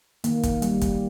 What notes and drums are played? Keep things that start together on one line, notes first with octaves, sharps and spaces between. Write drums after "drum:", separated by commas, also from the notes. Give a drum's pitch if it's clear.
D#3 A#3, drum: hi-hat
drum: kick, hi-hat
G3 A#3, drum: hi-hat
drum: kick, hi-hat